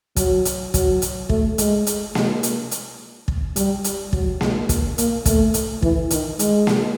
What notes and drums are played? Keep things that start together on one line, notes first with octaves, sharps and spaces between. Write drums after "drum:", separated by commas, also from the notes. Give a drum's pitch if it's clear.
F#3, drum: kick, hi-hat
drum: hi-hat
F#3, drum: kick, hi-hat
drum: hi-hat
A3, drum: kick
G#3, drum: hi-hat
drum: hi-hat
G#3, drum: snare A#3
drum: hi-hat
drum: hi-hat
drum: kick
G3, drum: hi-hat
drum: hi-hat
F#3, drum: kick
G#3, drum: snare A#3
drum: kick, hi-hat
A#3, drum: hi-hat
A3, drum: kick, hi-hat
drum: hi-hat
E3, drum: kick
D#3, drum: hi-hat
G#3, drum: hi-hat
drum: snare A#3